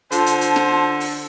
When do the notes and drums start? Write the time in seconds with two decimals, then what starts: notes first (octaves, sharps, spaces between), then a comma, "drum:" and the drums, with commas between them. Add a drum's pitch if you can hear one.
0.12 D3 F4 C5 A5, drum: hi-hat
0.26 drum: hi-hat
0.41 drum: hi-hat
0.56 drum: snare
1.00 drum: open hi-hat